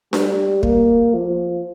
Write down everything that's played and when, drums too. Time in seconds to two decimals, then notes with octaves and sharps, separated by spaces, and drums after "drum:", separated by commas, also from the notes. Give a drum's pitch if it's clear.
0.13 G3, drum: snare D4
0.63 A#3, drum: kick
1.15 F3